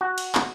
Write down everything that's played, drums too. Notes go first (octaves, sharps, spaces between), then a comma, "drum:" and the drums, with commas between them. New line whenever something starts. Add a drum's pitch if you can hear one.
F#4
drum: cymbal
drum: clap